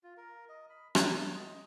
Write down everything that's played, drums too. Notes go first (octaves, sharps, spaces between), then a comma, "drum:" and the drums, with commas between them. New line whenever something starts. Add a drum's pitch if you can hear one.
F4
A#4
D#5
B5
G#4, drum: rim click
B4
A5
D#5